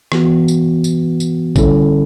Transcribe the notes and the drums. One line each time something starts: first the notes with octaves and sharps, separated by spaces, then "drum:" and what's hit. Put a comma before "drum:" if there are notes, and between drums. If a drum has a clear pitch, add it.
E3 B3 F#4, drum: rim click
drum: tambourine
drum: tambourine
drum: tambourine
D3 G3 C#4 E4 A4, drum: kick A1, tambourine